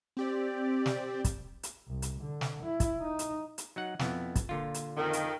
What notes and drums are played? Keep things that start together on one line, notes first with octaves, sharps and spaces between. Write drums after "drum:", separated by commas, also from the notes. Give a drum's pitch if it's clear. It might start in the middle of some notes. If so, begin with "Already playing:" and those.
C4 G4 D5
drum: snare
drum: kick, hi-hat
drum: hi-hat
C2
drum: hi-hat
D3
drum: snare
E4
drum: kick, hi-hat
D#4
drum: hi-hat
drum: hi-hat
F#3 D#4 F#5
F2 B3 E4, drum: snare
drum: kick, hi-hat
A#2 D3 F4
drum: hi-hat
F2 D#3
drum: hi-hat